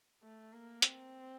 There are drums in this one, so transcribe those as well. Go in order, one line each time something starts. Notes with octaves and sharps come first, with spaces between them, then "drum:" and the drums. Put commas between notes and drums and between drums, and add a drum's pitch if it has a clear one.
A3
A#3
C4, drum: hi-hat